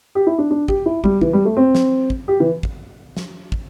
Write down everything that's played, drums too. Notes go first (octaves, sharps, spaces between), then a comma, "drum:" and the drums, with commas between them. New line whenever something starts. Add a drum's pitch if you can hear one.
G4
E4
D4
D4
G4, drum: kick
E4
G3, drum: kick
E3, drum: kick
G3
A3
C4
drum: snare
drum: kick
G4
E3
drum: kick
drum: snare
drum: kick